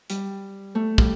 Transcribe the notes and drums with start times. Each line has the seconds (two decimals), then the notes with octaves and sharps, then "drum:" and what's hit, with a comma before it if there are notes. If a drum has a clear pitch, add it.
0.10 G3, drum: hi-hat
0.75 A3
0.98 G3, drum: kick